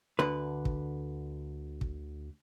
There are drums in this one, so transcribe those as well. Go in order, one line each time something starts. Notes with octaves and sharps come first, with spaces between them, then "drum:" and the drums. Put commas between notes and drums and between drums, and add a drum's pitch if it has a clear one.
D2 D3 B4
drum: kick
drum: kick